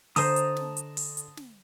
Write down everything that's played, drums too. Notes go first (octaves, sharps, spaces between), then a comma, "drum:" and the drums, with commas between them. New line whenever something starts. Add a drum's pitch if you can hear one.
D3 C5 D#5 A5 A#5 D#6, drum: open hi-hat
drum: hi-hat
drum: snare
drum: hi-hat
drum: open hi-hat
drum: hi-hat
drum: snare